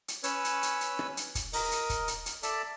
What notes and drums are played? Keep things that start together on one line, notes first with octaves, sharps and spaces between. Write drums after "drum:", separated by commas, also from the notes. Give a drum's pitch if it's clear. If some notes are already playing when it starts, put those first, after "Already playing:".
drum: hi-hat
C#4 B4 C#5 E6, drum: hi-hat
drum: hi-hat
drum: hi-hat
drum: hi-hat
drum: rim click
drum: hi-hat
drum: kick, hi-hat
A#4 D#5, drum: open hi-hat
drum: hi-hat
drum: kick, hi-hat
drum: hi-hat
drum: hi-hat
A4 D5 E5 A5, drum: hi-hat